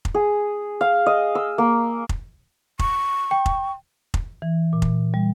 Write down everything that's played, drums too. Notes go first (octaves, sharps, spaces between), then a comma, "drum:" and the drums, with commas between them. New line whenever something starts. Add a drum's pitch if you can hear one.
drum: kick F1
G#4
F5
D#5
E6
A#3
drum: kick F1
C#6, drum: kick F1
G5
drum: kick F1
drum: kick F1
E3
A#2
drum: kick F1
G3